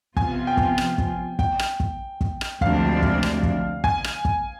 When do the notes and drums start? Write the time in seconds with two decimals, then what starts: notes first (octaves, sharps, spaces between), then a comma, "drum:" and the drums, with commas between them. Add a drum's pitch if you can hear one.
0.17 C3 F3 B3 F4 G#5, drum: kick
0.47 G5
0.57 drum: kick
0.78 drum: rim click
0.98 drum: kick
1.39 G5, drum: kick
1.59 drum: rim click
1.80 drum: kick
2.21 drum: kick
2.41 drum: rim click
2.61 D2 C3 F3 G#3 D4 F5, drum: kick
3.02 drum: kick
3.23 drum: rim click
3.43 drum: kick
3.84 G#5, drum: kick
4.04 drum: rim click
4.25 drum: kick